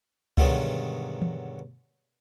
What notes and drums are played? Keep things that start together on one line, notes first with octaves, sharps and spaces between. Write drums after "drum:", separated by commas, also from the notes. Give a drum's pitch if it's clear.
G2 B2 D3 D#3 F#3 G#3, drum: kick C#2
drum: tom E3